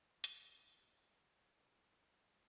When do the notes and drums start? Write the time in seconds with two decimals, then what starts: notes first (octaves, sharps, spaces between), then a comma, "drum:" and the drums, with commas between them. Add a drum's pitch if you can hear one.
0.24 A3 B3 F#4, drum: hi-hat
0.85 F3 C4 F#4 A4
1.83 A3 A#3 C#4 G4